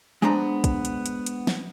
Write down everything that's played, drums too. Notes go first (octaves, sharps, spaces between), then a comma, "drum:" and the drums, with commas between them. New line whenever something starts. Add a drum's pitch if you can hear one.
G#3 B3 D4 C5 A#5
drum: kick, hi-hat
drum: hi-hat
drum: hi-hat
drum: hi-hat
drum: snare